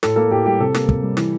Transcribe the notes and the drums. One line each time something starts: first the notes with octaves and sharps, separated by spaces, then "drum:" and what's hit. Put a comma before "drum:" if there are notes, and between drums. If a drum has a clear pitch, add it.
A2 A4, drum: snare
A#3 A4
A2 G4
G3 G4
C3 A4
A#3, drum: snare
C3, drum: kick
G3
E3, drum: snare